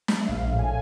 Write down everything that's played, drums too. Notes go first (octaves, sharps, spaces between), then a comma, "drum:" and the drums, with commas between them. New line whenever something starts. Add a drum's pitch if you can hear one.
drum: snare
E5
A#1 F5
A2
G#5